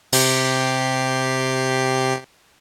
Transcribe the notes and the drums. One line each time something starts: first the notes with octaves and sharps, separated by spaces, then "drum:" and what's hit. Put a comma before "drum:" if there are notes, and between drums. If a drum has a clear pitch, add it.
C3 G4 C7, drum: open hi-hat